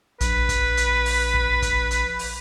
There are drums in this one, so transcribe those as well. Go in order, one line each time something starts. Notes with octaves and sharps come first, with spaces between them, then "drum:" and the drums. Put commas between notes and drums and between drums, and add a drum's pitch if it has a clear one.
A#1 B4, drum: kick, hi-hat
drum: kick, hi-hat
drum: hi-hat
drum: open hi-hat
drum: kick
drum: kick, hi-hat
drum: hi-hat
drum: open hi-hat